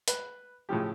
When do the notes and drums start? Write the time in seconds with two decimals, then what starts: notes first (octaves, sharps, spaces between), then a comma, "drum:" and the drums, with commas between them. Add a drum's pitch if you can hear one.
0.08 B4, drum: hi-hat
0.69 A2 C#3 F3 G4